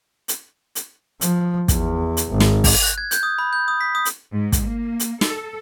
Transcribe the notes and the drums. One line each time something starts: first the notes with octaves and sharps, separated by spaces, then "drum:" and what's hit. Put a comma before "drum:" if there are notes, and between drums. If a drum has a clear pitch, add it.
drum: hi-hat
drum: hi-hat
F3, drum: hi-hat
E2, drum: kick, hi-hat
drum: hi-hat
G#1
drum: snare
drum: kick, open hi-hat
F#6
G#6
G6, drum: hi-hat
D#6
B5
G6
D#6
B6
D#6
drum: hi-hat
G#2
drum: kick, hi-hat
A#3
drum: hi-hat
A4, drum: snare